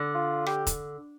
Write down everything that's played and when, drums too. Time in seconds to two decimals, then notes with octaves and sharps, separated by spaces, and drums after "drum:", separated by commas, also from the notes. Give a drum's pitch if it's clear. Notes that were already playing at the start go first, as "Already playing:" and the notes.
Already playing: D3
0.14 F4
0.46 G4, drum: rim click
0.67 drum: kick E1, hi-hat